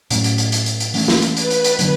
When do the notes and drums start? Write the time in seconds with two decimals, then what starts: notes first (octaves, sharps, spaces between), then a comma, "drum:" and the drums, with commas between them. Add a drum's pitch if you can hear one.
0.11 A2 F#3 A3 C#4, drum: hi-hat
0.24 drum: hi-hat
0.38 drum: hi-hat
0.52 drum: hi-hat
0.66 drum: hi-hat
0.80 drum: hi-hat
0.94 E3 A3 C#4, drum: open hi-hat
1.08 drum: snare
1.22 drum: hi-hat
1.37 B4, drum: hi-hat
1.50 drum: hi-hat
1.64 drum: hi-hat
1.79 D3 F#3 B3 D4, drum: hi-hat